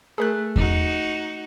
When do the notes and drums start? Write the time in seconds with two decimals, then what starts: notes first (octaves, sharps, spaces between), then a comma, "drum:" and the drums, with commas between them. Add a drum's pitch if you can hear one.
0.18 A3 G#4 A#4 F#6
0.56 D#4 F#4, drum: kick E2